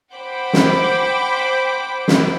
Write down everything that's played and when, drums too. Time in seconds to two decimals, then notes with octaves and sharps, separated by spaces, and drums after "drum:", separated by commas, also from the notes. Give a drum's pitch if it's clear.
0.15 C5 F#5 G5 B5 D6
0.53 drum: snare
2.08 drum: snare